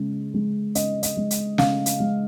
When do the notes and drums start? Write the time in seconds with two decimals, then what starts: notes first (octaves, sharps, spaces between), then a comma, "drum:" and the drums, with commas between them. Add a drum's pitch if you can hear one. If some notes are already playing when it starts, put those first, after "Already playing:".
Already playing: C#3 G#3
0.34 G#3
0.75 C#3 D#5, drum: hi-hat
1.03 D#5, drum: hi-hat
1.17 G#3
1.31 drum: hi-hat
1.58 C#3 F5, drum: snare
1.86 drum: hi-hat
2.00 G#3